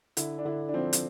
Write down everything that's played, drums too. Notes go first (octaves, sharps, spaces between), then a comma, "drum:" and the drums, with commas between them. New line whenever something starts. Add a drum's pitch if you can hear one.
D3 E4, drum: hi-hat
D4
D3 E4
D4
F3 C4
drum: hi-hat